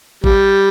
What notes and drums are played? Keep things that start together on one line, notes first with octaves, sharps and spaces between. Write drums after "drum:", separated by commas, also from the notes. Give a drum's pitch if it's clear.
G3, drum: kick G#1